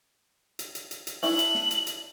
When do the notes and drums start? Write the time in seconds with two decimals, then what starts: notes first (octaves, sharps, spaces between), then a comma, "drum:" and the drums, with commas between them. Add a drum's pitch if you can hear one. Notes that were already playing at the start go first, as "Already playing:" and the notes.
0.59 drum: hi-hat
0.75 drum: hi-hat
0.91 drum: hi-hat
1.07 drum: hi-hat
1.23 C#4 D4 E4 F#7, drum: open hi-hat
1.39 drum: hi-hat
1.55 drum: snare
1.71 drum: hi-hat
1.87 drum: hi-hat